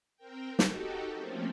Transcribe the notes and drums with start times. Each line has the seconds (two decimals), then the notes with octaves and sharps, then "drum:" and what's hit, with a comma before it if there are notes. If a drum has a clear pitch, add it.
0.17 C4 A#4 G5
0.59 D#4 F#4 G4 A4, drum: snare
1.13 F3 A3 A#3 C4 C#4